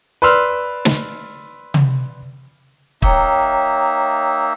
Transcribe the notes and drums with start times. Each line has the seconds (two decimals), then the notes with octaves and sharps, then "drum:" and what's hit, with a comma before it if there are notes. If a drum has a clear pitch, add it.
0.22 B4 D5 C6 E6 F6
0.85 drum: snare
1.74 drum: tom
3.02 A#3 D#4 C#5 E5 G5 A#5, drum: kick